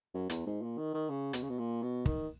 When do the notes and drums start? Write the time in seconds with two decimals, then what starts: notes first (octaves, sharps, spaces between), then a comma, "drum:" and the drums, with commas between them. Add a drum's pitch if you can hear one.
0.14 F#2
0.30 E2, drum: hi-hat
0.46 G#2
0.62 A#2
0.78 D#3
0.94 D#3
1.09 C#3
1.33 B2, drum: hi-hat
1.42 C#3
1.49 B2
1.58 A#2
1.82 B2
2.06 D#3, drum: kick